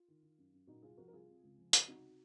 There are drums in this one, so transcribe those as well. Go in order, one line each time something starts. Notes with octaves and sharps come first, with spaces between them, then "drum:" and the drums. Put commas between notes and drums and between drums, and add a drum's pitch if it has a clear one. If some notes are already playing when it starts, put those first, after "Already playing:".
Already playing: F4
D#3
D#3
F#2
F#2
A#2 D#4 F#4
C2 F4 G#4
F3 F#4 A#4
A#4
C2 F4 G#4
C3
C#2
F3
C#2, drum: hi-hat
C3 D#4 F#4